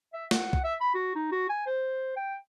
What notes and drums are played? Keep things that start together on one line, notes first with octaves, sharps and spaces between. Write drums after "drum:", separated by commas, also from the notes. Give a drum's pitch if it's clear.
E5
F#5, drum: snare
drum: kick
E5
B5
F#4
D#4
F#4
G#5
C5
G5